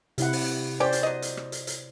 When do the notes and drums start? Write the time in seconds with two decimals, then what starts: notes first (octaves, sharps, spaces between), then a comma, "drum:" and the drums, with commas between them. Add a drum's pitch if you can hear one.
0.18 C3 E4 F#5, drum: hi-hat
0.33 drum: open hi-hat
0.80 C#4 G4 C5 D5 G5
0.92 drum: hi-hat
1.03 F#3 D#5
1.22 drum: hi-hat
1.37 drum: rim click
1.52 drum: hi-hat
1.67 drum: hi-hat